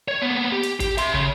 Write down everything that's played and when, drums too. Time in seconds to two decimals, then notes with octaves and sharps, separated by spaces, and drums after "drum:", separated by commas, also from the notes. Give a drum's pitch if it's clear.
0.08 C#5
0.22 A#3 B3
0.52 G4
0.63 drum: hi-hat
0.80 G4, drum: kick, hi-hat
0.98 E5 C6, drum: hi-hat
1.14 C#3, drum: kick